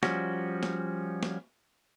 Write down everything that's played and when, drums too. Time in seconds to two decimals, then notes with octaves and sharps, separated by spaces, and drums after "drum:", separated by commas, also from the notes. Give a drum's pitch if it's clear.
0.03 F3 G3 C#4 F#4, drum: snare
0.63 drum: snare
1.23 drum: snare